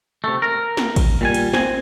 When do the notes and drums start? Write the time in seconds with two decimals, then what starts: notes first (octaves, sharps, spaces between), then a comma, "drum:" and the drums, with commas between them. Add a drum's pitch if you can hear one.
0.24 C3 A3
0.42 A#4
0.77 drum: snare
0.96 drum: kick A1, cymbal
1.21 A#2 G3 G#5
1.34 drum: cymbal
1.53 C4 G#5, drum: snare